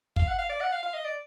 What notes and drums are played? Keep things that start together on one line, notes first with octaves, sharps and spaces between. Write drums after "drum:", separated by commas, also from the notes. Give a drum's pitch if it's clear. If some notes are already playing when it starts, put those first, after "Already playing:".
F5, drum: kick
F#5
F5
D5
F#5
F5
F5
D#5
D5